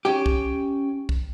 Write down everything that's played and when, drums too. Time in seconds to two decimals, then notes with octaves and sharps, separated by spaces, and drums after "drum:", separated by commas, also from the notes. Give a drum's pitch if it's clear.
0.05 C#4 G4 G5 G#5
0.26 drum: kick
1.09 drum: kick